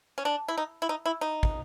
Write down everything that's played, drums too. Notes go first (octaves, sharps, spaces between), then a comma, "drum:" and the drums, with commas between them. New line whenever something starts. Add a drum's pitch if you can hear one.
C#4
D4
E4
D#4
E4
D#4
E4
D#4
drum: kick